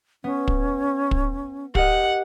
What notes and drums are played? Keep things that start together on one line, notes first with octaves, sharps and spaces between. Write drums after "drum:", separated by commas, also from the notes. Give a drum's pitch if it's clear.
B3 C#4
drum: kick
drum: kick
G4 A#4 D#5 F#5, drum: kick